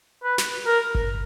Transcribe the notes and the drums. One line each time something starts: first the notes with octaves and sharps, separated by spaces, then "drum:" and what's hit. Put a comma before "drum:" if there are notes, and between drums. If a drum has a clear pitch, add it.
B4
drum: snare
A#4
drum: kick G1